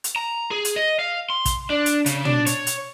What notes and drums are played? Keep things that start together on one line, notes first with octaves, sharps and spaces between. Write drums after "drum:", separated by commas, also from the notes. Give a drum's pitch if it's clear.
drum: hi-hat
A#5
G#4
drum: hi-hat
D#5
F5
C6
drum: kick, hi-hat
D4
drum: hi-hat
C#3, drum: hi-hat
D4, drum: tom
C#5, drum: hi-hat
drum: hi-hat